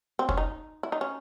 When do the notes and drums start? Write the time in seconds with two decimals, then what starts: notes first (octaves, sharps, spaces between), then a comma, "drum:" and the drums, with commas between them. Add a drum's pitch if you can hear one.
0.19 C4
0.29 C#4, drum: kick
0.37 D#4
0.83 E4
0.92 D#4
1.01 C#4